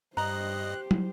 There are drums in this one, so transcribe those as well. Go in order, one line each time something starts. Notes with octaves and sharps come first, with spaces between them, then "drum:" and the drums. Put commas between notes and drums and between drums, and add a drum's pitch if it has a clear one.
G2 G4 C5 D#5 A#5 F#6
drum: tom